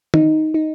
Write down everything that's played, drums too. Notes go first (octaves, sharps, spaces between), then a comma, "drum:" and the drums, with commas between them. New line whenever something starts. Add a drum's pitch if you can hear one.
D#4, drum: tom
D#4